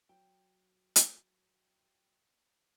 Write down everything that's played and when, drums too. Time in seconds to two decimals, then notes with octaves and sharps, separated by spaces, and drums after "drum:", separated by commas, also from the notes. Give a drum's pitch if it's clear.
0.09 F#3 G5
0.96 drum: hi-hat